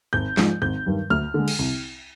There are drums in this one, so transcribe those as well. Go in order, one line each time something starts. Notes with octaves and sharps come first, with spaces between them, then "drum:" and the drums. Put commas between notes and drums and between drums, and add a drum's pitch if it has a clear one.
G#1 G6
G#2 F3 G#3, drum: snare
G#1 G6
G2 D#3 G3
D2 F6
D3 G#3
drum: cymbal
C2